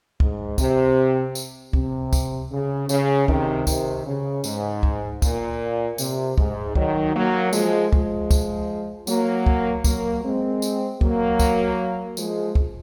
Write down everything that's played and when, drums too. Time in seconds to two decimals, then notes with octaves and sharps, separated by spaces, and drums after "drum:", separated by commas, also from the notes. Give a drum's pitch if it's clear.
0.20 G#2, drum: kick
0.58 C3, drum: kick, tambourine
1.35 drum: tambourine
1.73 C3, drum: kick
2.13 drum: kick, tambourine
2.51 C#3
2.89 C#3, drum: tambourine
3.28 C3 D#3, drum: kick
3.67 C3 D#3, drum: kick, tambourine
4.06 C#3
4.44 G#2, drum: tambourine
4.83 drum: kick
5.22 A#2, drum: kick, tambourine
5.98 C3, drum: tambourine
6.38 G#2, drum: kick
6.75 D#3 F#3, drum: kick
7.15 F#3 A#3
7.53 F3 G#3, drum: tambourine
7.93 F3 G#3, drum: kick
8.31 drum: kick, tambourine
9.07 F#3 A#3, drum: tambourine
9.46 drum: kick
9.84 F#3 A#3, drum: kick, tambourine
10.24 G#3 C4
10.62 drum: tambourine
11.01 F#3 A#3, drum: kick
11.40 drum: kick, tambourine
12.17 F3 G#3, drum: tambourine
12.55 drum: kick